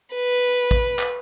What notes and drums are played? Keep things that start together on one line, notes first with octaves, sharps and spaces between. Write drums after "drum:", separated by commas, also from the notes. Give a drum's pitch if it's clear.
B4
drum: kick A1
drum: clap